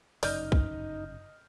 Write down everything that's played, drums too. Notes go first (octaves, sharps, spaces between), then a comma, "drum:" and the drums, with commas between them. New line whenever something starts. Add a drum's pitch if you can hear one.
G1 F#2 C#3 D#4 D5 D#5 F6 G6, drum: open hi-hat
drum: kick